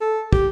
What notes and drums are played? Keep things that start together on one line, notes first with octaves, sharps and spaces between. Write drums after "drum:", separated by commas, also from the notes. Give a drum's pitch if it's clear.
A4
G4, drum: kick